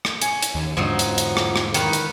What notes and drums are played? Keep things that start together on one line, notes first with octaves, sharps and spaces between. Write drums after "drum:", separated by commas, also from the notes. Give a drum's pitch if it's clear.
drum: rim click
C#4, drum: hi-hat
drum: hi-hat
D#2
E2 G#2 D3 F3 F#3 D#4
drum: hi-hat
drum: hi-hat
drum: rim click
drum: rim click
D#3 B4, drum: hi-hat
drum: hi-hat